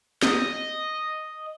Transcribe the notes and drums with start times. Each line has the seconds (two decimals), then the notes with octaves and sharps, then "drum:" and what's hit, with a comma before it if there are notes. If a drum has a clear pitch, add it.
0.22 D#5, drum: snare